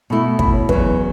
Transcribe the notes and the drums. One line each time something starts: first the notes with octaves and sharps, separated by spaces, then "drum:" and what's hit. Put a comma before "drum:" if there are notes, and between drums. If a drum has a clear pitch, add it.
B2 A3 E4 B5
B5, drum: kick
C#5
E2 C#3 F#3 C#4 B4, drum: kick